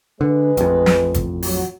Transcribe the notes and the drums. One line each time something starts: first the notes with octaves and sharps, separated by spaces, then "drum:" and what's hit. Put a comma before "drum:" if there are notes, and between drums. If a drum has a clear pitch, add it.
D3 G#3 B4
A1 F2, drum: hi-hat
drum: snare
drum: kick, hi-hat
F#3, drum: open hi-hat